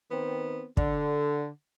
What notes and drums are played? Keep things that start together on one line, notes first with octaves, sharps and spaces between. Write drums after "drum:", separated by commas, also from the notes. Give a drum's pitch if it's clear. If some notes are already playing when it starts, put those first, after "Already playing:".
D#3 B3 C4
D3, drum: kick